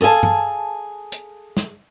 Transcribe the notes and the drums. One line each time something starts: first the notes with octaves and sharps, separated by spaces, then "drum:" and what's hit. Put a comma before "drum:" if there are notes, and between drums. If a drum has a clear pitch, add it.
G#4 A4 F5 G#5 A5
drum: tom
drum: hi-hat
drum: snare